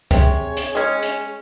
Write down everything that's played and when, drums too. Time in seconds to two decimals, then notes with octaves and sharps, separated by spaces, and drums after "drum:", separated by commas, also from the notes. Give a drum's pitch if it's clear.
0.11 C3 G#4 C#5, drum: kick C2, hi-hat
0.57 drum: hi-hat
0.75 G#3 C#4
1.03 drum: hi-hat